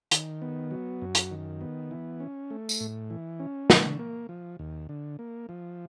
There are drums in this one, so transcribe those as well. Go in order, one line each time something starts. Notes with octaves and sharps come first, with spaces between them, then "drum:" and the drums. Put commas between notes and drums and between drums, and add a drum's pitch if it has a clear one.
D#3, drum: hi-hat
B3
F#3
F#2
drum: hi-hat
D#3
B3
E3
C#4
A3
drum: tambourine
A2
E3
C#4
D3, drum: snare
A#3
F3
D#2
D3
A#3
F3